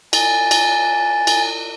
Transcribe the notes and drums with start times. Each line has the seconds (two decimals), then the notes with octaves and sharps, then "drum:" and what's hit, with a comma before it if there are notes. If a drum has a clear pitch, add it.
0.13 G#5 A6, drum: cymbal
0.51 drum: cymbal
1.27 drum: cymbal